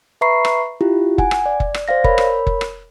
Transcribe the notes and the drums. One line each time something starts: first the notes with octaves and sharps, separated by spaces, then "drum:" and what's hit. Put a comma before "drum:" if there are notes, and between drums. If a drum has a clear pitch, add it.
B4 E5 A#5 B5 C#6 C7
drum: rim click
E4 F4 G4
F#5 G#5, drum: kick F#1
drum: rim click
D5
drum: kick F#1
drum: rim click
C5 D5 F5 A#6
A#4 C#5 B5, drum: kick F#1
drum: rim click
drum: kick F#1
drum: rim click